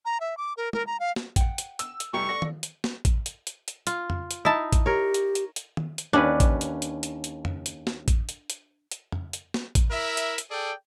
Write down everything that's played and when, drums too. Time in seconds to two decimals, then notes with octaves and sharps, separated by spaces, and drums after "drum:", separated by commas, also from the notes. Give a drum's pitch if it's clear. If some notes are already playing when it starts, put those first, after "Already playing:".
0.05 A#5
0.21 E5
0.37 D6
0.57 A#4
0.73 A#4, drum: tom
0.87 A#5
1.00 F5
1.16 drum: snare
1.36 F#5 G5, drum: kick A1, hi-hat
1.58 drum: hi-hat
1.79 E6, drum: hi-hat
2.00 drum: hi-hat
2.13 F1 G3 E4 G4 A#5 C#6 C#7
2.29 A4 D5 F#5 A#6
2.42 drum: tom D#3
2.63 drum: hi-hat
2.84 drum: snare
3.05 drum: kick A1, hi-hat
3.26 drum: hi-hat
3.47 drum: hi-hat
3.68 drum: hi-hat
3.87 F4, drum: hi-hat
4.10 drum: tom F2
4.31 drum: hi-hat
4.45 D#4 E4 A5
4.73 drum: kick A1, hi-hat
4.86 G4 A#4 C#5
5.14 drum: hi-hat
5.35 drum: hi-hat
5.56 drum: hi-hat
5.77 drum: tom D#3
5.98 drum: hi-hat
6.13 D#2 C#4 D4 B4
6.40 drum: kick A1, hi-hat
6.61 drum: hi-hat
6.82 drum: hi-hat
7.03 drum: hi-hat
7.24 drum: hi-hat
7.45 drum: tom F2
7.66 drum: hi-hat
7.87 drum: snare
8.08 drum: kick A1, hi-hat
8.29 drum: hi-hat
8.50 drum: hi-hat
8.91 drum: hi-hat
9.12 drum: tom F2
9.33 drum: hi-hat
9.54 drum: snare
9.75 drum: kick A1, hi-hat
9.91 E4 A#4 E5
10.17 drum: hi-hat
10.38 drum: hi-hat
10.51 G#4 A4 D5 G5